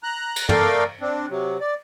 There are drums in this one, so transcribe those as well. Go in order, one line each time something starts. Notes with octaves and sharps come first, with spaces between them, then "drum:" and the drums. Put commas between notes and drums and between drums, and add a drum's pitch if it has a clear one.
A#5 F#6
drum: cymbal
A3 A4 A#4 D5 F5 G5, drum: tom
C4 D4
C3 F#3
D5